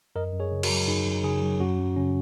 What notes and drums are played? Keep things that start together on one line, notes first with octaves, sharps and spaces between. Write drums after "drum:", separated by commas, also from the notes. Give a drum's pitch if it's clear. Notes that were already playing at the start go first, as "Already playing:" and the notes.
F#2 A#4 D#5
F#2
G#4 C#5
C#3
F#4 A#4, drum: cymbal
F#3
F#2 D#4 G#4
F#2
C#3 D#4 G#4
F#3
F#2 C#4 F#4
F#2
C#3 C#4